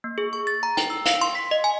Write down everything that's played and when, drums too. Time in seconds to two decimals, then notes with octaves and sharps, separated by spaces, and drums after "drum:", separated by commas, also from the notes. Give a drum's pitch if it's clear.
0.04 A#3
0.18 G#4
0.33 C#6
0.47 A6
0.63 A#5
0.77 G5, drum: hi-hat
0.90 E6
1.06 F5, drum: hi-hat
1.21 C6
1.35 B6
1.51 D#5
1.64 G#5